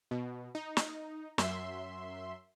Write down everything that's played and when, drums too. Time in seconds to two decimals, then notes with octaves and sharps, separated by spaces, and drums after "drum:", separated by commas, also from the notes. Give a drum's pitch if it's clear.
0.11 B2
0.55 D#4
0.77 drum: snare
1.38 F#2 E5 C6, drum: snare